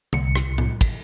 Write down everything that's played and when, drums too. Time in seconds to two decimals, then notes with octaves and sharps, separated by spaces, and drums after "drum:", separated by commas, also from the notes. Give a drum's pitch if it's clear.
0.13 C2 C#7, drum: tom D3
0.35 drum: rim click
0.58 drum: tom A2
0.81 drum: kick, cymbal